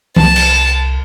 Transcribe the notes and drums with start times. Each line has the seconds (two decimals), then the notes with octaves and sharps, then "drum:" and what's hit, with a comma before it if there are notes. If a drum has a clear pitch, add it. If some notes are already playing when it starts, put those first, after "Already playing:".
0.16 C2 A5, drum: tom E3
0.36 drum: cymbal